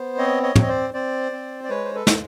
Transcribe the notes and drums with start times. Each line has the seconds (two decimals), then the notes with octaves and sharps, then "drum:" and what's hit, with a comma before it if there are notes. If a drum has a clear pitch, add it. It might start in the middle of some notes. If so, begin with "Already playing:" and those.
Already playing: B3 C5
0.18 C4 C#5 D#5
0.43 C#5 D#5
0.56 C4, drum: tom
0.62 D#5
0.68 C5 D5
0.94 C4 C5 D5
1.32 C4
1.64 D5
1.69 G#3 B4 C#5
1.85 C5
1.95 A4 B4
2.07 G#3, drum: snare